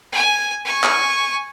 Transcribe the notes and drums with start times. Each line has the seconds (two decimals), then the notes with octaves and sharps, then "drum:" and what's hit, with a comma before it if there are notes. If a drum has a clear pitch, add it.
0.12 G#5
0.65 G#5 C#6
0.84 drum: clap